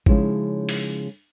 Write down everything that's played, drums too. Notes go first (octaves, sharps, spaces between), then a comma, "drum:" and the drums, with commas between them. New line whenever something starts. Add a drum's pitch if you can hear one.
C#3 F3 G#3 C#4 D#4 E4, drum: kick G#1
drum: open hi-hat